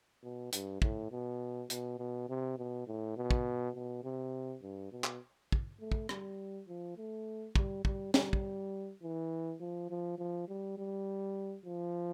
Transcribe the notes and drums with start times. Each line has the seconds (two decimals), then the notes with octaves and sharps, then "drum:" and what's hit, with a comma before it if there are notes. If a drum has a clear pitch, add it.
0.24 B2
0.52 G2, drum: hi-hat
0.82 A2, drum: kick
1.11 B2
1.70 B2, drum: hi-hat
1.99 B2
2.29 C3
2.58 B2
2.87 A2
3.16 B2
3.31 drum: kick
3.75 B2
4.03 C3
4.63 G2
4.92 B2
5.04 drum: clap
5.52 drum: kick
5.80 A3
5.92 drum: kick
6.09 G3, drum: rim click
6.68 F3
6.97 A3
7.56 G3, drum: kick
7.85 G3, drum: kick
8.14 G3, drum: snare
8.33 drum: kick
9.02 E3
9.60 F3
9.90 F3
10.18 F3
10.48 G3
10.78 G3
11.65 F3